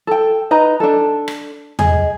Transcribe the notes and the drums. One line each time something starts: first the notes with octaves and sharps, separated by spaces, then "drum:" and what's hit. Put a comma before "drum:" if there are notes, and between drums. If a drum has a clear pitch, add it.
A4 G5
D#4 B4 D#5 A#5
D4 A4
drum: rim click
G#4 D#5, drum: tom